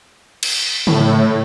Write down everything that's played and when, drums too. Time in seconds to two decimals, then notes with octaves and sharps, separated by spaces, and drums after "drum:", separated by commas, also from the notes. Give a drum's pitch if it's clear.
0.43 drum: cymbal
0.87 A2, drum: tom C#3